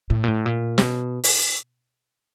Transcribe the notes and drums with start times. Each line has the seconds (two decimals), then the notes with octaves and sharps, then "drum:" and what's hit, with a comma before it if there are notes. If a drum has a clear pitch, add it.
0.10 A2
0.24 A#2
0.28 A2
0.46 A#2
0.78 C3, drum: snare
0.82 B2
1.24 drum: open hi-hat